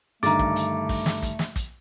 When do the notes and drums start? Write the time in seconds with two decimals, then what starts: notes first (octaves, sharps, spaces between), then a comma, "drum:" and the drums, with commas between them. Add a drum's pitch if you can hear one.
0.23 G2 D3 D#3 A3 A#5 D6 A6, drum: hi-hat
0.39 drum: kick
0.56 drum: hi-hat
0.89 drum: kick, open hi-hat
1.06 drum: snare
1.22 drum: kick, hi-hat
1.39 drum: snare
1.56 drum: kick, hi-hat